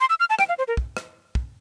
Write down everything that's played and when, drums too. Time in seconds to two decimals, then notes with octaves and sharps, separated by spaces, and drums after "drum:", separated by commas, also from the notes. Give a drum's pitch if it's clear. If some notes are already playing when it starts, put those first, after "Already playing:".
0.01 C6
0.10 E6
0.20 F6
0.30 A5
0.39 G5, drum: rim click
0.49 F5
0.58 C5
0.68 A#4
0.77 drum: kick
0.97 drum: rim click
1.35 drum: kick